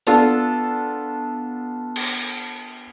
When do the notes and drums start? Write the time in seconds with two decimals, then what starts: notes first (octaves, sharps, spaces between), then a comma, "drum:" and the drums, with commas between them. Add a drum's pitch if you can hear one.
0.07 B3 D4 F4 A4, drum: hi-hat
1.96 drum: cymbal